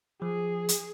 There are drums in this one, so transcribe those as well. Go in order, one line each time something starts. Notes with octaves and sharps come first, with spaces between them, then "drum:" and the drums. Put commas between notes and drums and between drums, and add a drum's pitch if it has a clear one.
F3 G#4
drum: hi-hat